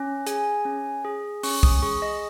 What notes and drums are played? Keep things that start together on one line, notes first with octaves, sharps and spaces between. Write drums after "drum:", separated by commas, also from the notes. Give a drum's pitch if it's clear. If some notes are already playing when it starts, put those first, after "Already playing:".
Already playing: C#4
G#4 G#5, drum: hi-hat
C#4
G#4
C#4 C#6, drum: open hi-hat
D#6, drum: kick
G#4 C#6
D#5